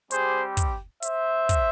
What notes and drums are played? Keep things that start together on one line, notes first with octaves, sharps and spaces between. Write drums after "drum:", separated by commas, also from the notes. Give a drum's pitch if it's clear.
G3 C4 G4 G#4 C5, drum: hi-hat
drum: kick, hi-hat
C5 E5, drum: hi-hat
drum: kick, hi-hat